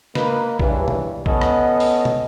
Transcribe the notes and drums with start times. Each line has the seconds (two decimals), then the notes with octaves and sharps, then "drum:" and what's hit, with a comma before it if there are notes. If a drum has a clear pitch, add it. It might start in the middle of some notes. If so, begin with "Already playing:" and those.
0.15 A#3 D#4 B4, drum: snare
0.59 C#2 G2 E3, drum: kick B1
0.88 drum: tom
1.26 B3 C#4 A4 D#5, drum: kick B1
1.42 drum: rim click
1.80 drum: open hi-hat
2.05 drum: tom